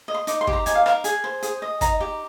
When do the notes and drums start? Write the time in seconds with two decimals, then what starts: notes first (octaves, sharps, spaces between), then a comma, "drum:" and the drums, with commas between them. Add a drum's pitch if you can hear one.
0.08 D#5
0.14 C6
0.27 D#4 D6, drum: hi-hat
0.41 C6
0.47 G4, drum: kick
0.53 A#5
0.66 D#4 G#5, drum: hi-hat
0.75 F5
0.86 A#4 F5, drum: rim click
1.04 G#4 G#5, drum: hi-hat
1.24 C5
1.42 G#4, drum: hi-hat
1.62 D#5
1.81 D#4 A#5, drum: kick, hi-hat
2.00 G4